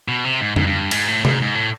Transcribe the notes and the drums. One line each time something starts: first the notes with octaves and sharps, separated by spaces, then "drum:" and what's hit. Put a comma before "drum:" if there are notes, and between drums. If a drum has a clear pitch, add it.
B2
C3
G#2
G#2, drum: tom F2
G2
G#2, drum: cymbal
A2
G#2, drum: tom C3
G#2
A2